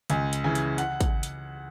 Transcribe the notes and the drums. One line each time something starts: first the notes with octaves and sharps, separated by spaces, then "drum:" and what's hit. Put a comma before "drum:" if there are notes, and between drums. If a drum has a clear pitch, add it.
C#2 G#5, drum: hi-hat
drum: hi-hat
C#3 E3 G#5
drum: hi-hat
F#5, drum: hi-hat
drum: kick, hi-hat
drum: hi-hat